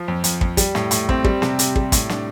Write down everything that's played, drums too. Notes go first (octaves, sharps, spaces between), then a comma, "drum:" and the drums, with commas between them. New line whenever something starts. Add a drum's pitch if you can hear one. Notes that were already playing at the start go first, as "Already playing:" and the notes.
Already playing: F3
F2
F2, drum: hi-hat
F2, drum: kick
G3, drum: kick, hi-hat
A2, drum: snare
A2, drum: hi-hat
C4, drum: kick
G3, drum: kick
C3, drum: snare
C3, drum: hi-hat
G3, drum: kick
A2, drum: kick, hi-hat
D4, drum: snare